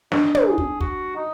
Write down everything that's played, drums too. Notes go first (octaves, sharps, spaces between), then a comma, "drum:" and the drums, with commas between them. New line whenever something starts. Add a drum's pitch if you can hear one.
D4 D#4, drum: snare
drum: tom
G#4
drum: kick
F#4, drum: kick
D#4